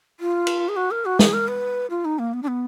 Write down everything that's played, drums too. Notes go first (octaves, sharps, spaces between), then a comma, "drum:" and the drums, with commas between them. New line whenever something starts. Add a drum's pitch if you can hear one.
F4
drum: cymbal
G#4
F#4
A#4
F#4
G#4, drum: snare
A#4
B4
F4
D#4
A#3
B3
D4
B3